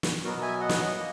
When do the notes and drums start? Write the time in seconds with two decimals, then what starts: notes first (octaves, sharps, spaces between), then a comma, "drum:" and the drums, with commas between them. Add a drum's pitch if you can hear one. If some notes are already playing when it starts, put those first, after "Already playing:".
0.03 drum: snare
0.24 B2 F#3 B3 F#4 A#4
0.42 E5 G#5
0.60 D#5 F#5
0.69 drum: snare
0.97 A#3